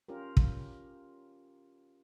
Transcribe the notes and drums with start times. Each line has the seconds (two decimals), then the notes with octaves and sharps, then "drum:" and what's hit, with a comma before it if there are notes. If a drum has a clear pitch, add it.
0.09 C#4 F4 G4 A#4
0.37 drum: kick